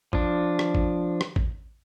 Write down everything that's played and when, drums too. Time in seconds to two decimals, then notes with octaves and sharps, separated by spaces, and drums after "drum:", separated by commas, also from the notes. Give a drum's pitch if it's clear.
0.13 F3 D4, drum: kick A1
0.59 drum: rim click
0.75 drum: kick A1
1.21 drum: rim click
1.36 drum: kick A1